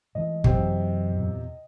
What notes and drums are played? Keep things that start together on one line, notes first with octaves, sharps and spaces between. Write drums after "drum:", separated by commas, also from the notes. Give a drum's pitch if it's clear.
G#2 E3 A3 D#5
F#2 C3 C4, drum: kick
E2 A#2